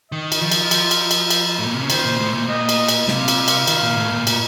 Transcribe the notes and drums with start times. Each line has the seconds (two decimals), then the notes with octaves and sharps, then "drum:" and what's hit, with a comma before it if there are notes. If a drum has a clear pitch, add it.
0.12 D#3 D#5
0.32 drum: cymbal
0.42 F3
0.51 drum: cymbal
0.71 drum: cymbal
0.91 drum: cymbal
1.11 drum: cymbal
1.31 drum: cymbal
1.59 A2
1.66 A#2
1.74 C3
1.82 C#3
1.90 D#3 C5, drum: cymbal
2.05 A#2
2.19 A2
2.34 A#2
2.49 A#2 D#5
2.69 drum: cymbal
2.89 drum: cymbal
3.08 C3 F5, drum: snare
3.28 drum: cymbal
3.48 drum: cymbal
3.67 D#3, drum: cymbal
3.82 A#2
3.97 A2
4.12 A#2
4.27 A#2, drum: cymbal